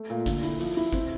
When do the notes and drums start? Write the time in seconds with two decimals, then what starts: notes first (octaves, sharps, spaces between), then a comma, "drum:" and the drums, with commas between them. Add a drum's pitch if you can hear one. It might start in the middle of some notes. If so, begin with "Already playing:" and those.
Already playing: A3
0.10 A#2
0.26 D3, drum: kick, hi-hat
0.43 E4, drum: hi-hat
0.59 F3, drum: hi-hat
0.77 E4, drum: hi-hat
0.93 C4, drum: kick, hi-hat